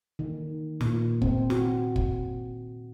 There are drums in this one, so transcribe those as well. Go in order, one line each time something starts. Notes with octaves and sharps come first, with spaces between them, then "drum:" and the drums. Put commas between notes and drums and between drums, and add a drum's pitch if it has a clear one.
D#3
A#2, drum: snare
C4, drum: kick
F#4, drum: snare
drum: kick